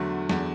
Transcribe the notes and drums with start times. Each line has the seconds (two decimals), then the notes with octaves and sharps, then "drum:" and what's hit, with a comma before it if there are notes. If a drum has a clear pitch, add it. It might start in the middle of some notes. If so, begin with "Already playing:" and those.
Already playing: E2 D3 F#3 A3
0.29 E2, drum: snare